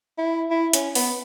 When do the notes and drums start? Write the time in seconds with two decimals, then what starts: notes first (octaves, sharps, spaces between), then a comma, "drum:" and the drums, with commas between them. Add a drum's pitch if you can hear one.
0.18 E4
0.51 E4
0.73 C#4, drum: hi-hat
0.95 B3, drum: open hi-hat